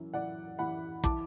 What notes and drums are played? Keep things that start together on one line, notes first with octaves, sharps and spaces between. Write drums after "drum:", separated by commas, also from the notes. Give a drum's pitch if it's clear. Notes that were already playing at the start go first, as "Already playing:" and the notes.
Already playing: F#2 E3
E3 D5 F#5
E3 F#5 B5
E3 A5 D6, drum: kick